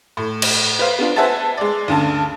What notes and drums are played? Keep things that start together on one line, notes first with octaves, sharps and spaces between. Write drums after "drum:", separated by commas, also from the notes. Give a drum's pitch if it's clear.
A2
drum: cymbal
B4 C5 F5
B3 D4 F4
B4 C5 E5 F#5 G#5 A5
G#3 D5
D2 G2 C#3 A5